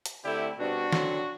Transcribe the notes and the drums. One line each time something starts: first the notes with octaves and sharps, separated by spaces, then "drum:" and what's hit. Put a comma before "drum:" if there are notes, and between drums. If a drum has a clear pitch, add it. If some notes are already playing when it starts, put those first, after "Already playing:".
drum: hi-hat
D3 A3 C4 E4 G4
B2 G3 C4 D4 F#4
D3 F#3 C4, drum: snare